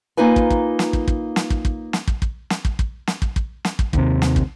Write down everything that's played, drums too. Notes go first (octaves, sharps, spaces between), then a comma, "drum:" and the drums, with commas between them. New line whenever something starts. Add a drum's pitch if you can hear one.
A#3 D#4 F4 B4 G#5
drum: kick
drum: kick
drum: snare
drum: kick
drum: kick
drum: snare
drum: kick
drum: kick
drum: snare
drum: kick
drum: kick
drum: snare
drum: kick
drum: kick
drum: snare
drum: kick
drum: kick
drum: snare
drum: kick
D#2 C3, drum: kick
drum: snare
drum: kick